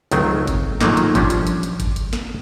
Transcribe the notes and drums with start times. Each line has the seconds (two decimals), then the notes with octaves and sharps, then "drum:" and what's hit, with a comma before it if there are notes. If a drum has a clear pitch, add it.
0.11 C#2 D#3 F#3 A3 C4, drum: hi-hat
0.47 drum: kick, hi-hat
0.81 D#3 F3 F#3 A3 A#3 D#4, drum: snare
0.97 drum: hi-hat
1.15 F3 G3 C#4 D4, drum: kick, hi-hat
1.30 drum: hi-hat
1.47 drum: hi-hat
1.63 drum: hi-hat
1.80 drum: kick, hi-hat
1.96 drum: hi-hat
2.13 drum: snare